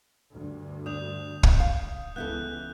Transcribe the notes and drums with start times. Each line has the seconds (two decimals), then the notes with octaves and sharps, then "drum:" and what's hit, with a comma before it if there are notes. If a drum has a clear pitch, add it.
0.32 D2 G2
0.86 D4 D#6 G6 F7
1.43 drum: kick
1.60 F5
2.16 C#2 E3 B3 E4 A4 F#6 G6